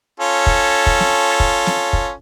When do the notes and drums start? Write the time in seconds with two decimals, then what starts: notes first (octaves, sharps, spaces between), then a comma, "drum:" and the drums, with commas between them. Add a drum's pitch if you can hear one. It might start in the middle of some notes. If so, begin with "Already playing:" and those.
0.20 C#4 F4 A4
0.47 drum: kick
0.86 drum: kick
1.00 drum: snare
1.40 drum: kick
1.66 drum: snare
1.93 drum: kick